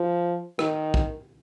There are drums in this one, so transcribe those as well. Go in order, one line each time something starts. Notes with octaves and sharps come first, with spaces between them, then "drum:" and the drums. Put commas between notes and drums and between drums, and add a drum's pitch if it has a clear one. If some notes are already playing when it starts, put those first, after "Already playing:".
Already playing: F3
D#3, drum: rim click
drum: kick